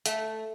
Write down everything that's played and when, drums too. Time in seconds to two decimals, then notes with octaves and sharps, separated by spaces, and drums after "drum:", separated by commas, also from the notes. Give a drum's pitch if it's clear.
0.06 A3, drum: hi-hat